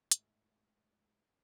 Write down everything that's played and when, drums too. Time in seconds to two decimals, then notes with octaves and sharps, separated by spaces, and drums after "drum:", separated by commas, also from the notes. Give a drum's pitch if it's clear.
0.11 G#2 A3, drum: hi-hat